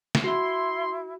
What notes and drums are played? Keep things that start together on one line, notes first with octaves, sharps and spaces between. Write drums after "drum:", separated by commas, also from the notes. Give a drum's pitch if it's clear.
drum: snare
E4 F#4 C6